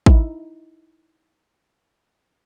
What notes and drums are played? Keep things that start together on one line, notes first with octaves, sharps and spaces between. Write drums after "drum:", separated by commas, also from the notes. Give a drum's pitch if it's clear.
D#4 E4, drum: kick